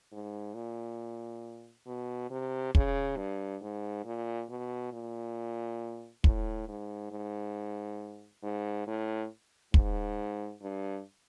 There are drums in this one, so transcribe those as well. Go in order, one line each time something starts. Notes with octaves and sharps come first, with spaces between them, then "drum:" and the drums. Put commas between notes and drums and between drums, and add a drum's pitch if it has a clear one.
G#2
A#2
B2
C3
C#3, drum: kick
G2
G#2
A#2
B2
A#2
A2, drum: kick
G#2
G#2
G#2
A2
G#2, drum: kick
G2